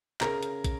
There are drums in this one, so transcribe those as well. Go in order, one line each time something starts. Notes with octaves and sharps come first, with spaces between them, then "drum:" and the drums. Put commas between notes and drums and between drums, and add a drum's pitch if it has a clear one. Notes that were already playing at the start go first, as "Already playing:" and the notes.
C#3 A#4 A#5, drum: clap
drum: hi-hat
drum: kick, hi-hat